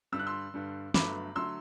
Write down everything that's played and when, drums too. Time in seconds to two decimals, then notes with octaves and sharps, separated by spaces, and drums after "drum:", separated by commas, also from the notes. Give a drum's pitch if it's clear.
0.12 G2 D3 G3 E6
0.19 F#6
0.27 C6 E6
0.54 G2 D3 G3
0.94 G1 G2 D3 F#3 A3 B5 D6, drum: snare
1.36 D3 F#3 A3 C6 E6